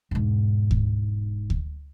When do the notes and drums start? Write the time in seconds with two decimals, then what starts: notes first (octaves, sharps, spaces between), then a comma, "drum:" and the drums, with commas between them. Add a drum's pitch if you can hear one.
0.11 E1 G#2
0.71 drum: kick D2
1.50 drum: kick D2